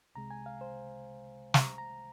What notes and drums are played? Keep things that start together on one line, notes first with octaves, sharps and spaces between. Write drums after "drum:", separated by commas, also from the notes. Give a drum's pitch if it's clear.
C2 C3 G#3 A#5
G#5
F5
C5
A#5, drum: snare
A#5